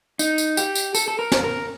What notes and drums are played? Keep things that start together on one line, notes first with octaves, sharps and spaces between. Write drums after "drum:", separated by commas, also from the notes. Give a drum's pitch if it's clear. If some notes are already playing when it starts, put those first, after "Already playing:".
D#4, drum: tambourine
drum: tambourine
G4, drum: tambourine
drum: tambourine
A4, drum: tambourine
A4
A#4
drum: snare
A#4